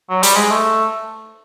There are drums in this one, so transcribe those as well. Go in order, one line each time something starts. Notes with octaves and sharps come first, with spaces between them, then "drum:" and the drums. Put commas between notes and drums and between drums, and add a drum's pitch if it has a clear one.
F#3
G3, drum: hi-hat
G#3
A3